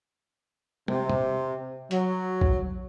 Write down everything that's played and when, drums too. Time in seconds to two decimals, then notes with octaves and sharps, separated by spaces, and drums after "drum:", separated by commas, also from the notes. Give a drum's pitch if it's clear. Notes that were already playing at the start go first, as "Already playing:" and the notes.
0.88 C3, drum: tom
1.10 drum: tom
1.91 F#3, drum: hi-hat
2.41 drum: kick A#1